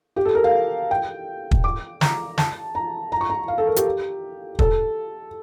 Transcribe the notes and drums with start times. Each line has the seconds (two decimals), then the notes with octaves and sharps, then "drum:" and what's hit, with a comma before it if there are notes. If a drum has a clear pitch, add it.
0.16 G4
0.25 A4
0.35 A#4
0.44 F5
0.91 G5
1.51 drum: kick
1.64 D6
2.01 A#5, drum: snare
2.38 A5, drum: snare
2.75 A#5
3.12 A#5
3.21 C#6
3.30 A#5
3.48 F5
3.58 A4
3.67 A#4
3.76 G4, drum: hi-hat
4.59 A4, drum: kick